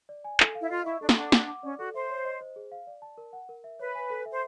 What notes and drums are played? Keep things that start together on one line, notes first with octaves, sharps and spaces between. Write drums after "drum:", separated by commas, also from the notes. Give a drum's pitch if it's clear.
D5
G#5
A4, drum: clap
F5
E4
F4 D#5
E4 C#6
D4 A4
D#4, drum: snare
D4 F#5
F#5, drum: snare
D6
C#4 D5
F#4 A4
C5 E5
C#5
D#5
C5
G#4
F5
D5
A5
A#4
F#5
A#4
E5
B4 C#5
G#5
A4
E5
C5